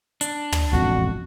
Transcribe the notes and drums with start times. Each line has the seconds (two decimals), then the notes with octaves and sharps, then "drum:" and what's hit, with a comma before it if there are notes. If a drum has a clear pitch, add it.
0.21 D4, drum: hi-hat
0.52 drum: tom
0.73 E1 A1 F2 F#4